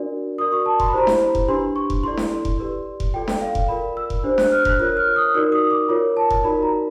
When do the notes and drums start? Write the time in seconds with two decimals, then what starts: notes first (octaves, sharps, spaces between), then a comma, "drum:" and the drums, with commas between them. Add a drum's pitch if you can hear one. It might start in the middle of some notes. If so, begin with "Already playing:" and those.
Already playing: D4 F#4 A#4 D5
0.38 F#4 A#4 D5 D#6
0.52 C#6
0.66 A5
0.80 C6, drum: kick F1
0.88 B5
0.93 E4 G4 C5 A#5
1.07 B5, drum: snare D4
1.35 drum: kick F1
1.48 D4 G4 B4 C6
1.76 C#6
1.90 drum: kick F1
2.03 E4 A4 D5 C6
2.17 drum: snare D4
2.45 drum: kick F1
2.58 G4 B4 D5
3.00 drum: kick F1
3.14 F4 A4 D5 G5
3.28 drum: snare D4
3.41 F5
3.55 drum: kick F1
3.68 F4 A#4 D5 B5
3.97 E6
4.10 drum: kick F1
4.24 D4 G4 C5
4.38 F#6, drum: snare D4
4.52 F6
4.65 F#6, drum: kick F1
4.79 F4 A#4 C#5 F#6
4.97 F6
5.16 D#6
5.34 D#4 F#4 A#4 D5 E6
5.52 D#6
5.71 D6
5.89 F4 A#4 C#5
6.17 A5
6.30 drum: kick F1
6.44 D#4 F#4 A#4 D5 B5
6.62 A#5